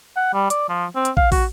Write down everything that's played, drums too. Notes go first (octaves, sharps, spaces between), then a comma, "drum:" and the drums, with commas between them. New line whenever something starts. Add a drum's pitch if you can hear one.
F#5
G3
D5, drum: hi-hat
F3
C4
drum: hi-hat
F5, drum: kick
F#4, drum: kick, open hi-hat